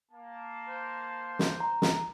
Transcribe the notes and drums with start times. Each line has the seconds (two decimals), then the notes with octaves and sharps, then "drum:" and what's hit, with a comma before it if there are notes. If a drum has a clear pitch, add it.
0.12 A#3 A5
0.68 C5
1.39 drum: snare
1.60 A#5
1.82 drum: snare